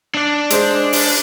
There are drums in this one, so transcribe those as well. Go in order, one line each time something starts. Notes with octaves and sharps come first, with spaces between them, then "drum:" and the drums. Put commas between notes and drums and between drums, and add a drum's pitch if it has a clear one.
D4 D5
G#3 C5, drum: hi-hat
drum: open hi-hat